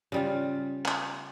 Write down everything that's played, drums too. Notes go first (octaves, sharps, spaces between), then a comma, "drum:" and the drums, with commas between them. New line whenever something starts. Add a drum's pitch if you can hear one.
C#3 G3 F4
drum: clap